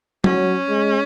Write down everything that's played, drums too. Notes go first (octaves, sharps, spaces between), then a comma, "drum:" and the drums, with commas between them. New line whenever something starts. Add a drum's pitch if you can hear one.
F#3 C#4, drum: tom F#3
G#3